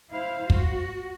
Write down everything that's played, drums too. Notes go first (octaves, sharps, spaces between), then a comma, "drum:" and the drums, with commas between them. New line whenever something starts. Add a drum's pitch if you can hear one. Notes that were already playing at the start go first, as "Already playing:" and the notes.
E4 C5 F5
F#4, drum: kick